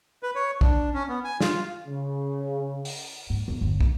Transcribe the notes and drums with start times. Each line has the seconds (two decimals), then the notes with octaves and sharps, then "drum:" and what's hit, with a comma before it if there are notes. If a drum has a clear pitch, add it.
0.23 B4
0.35 C#5
0.61 D4, drum: kick
0.94 C#4
1.09 B3
1.24 G#5
1.41 F4, drum: snare
1.87 C#3
2.85 drum: open hi-hat
3.30 G#2
3.48 E2
3.61 G1
3.81 A#3, drum: kick